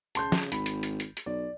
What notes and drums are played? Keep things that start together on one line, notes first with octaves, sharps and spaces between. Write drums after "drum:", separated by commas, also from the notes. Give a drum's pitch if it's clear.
C#3 A5 C6 G6, drum: hi-hat
drum: snare
G#1 B5, drum: hi-hat
drum: hi-hat
drum: hi-hat
drum: hi-hat
drum: hi-hat
B1 D5